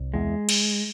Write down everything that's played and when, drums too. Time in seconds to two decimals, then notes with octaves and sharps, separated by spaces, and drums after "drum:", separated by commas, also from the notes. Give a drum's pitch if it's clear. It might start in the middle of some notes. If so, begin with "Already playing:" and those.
Already playing: C2
0.14 E2 G#3
0.49 drum: cymbal